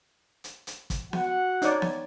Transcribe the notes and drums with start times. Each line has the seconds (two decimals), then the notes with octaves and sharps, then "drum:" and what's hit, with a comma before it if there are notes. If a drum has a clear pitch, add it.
0.44 drum: hi-hat
0.67 drum: hi-hat
0.90 drum: kick, hi-hat
1.13 F#4 F#5, drum: snare B3
1.62 D#4 C#5 D5, drum: hi-hat
1.82 drum: snare B3